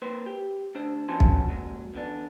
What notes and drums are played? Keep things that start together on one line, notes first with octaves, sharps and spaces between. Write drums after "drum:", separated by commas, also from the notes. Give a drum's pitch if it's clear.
A#3 B4 C5
G4
D2 D4 C5
F3 F#3 B3 C#4 A5 C6
drum: kick
A#2 F#3 G#3
E2 D3 B3 D4